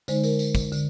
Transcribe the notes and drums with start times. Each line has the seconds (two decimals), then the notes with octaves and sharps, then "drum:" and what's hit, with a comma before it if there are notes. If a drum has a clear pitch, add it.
0.08 D3 G#3 D#4 C5, drum: tambourine
0.23 A#4, drum: tambourine
0.39 drum: tambourine
0.55 drum: kick, tambourine
0.72 D3, drum: tambourine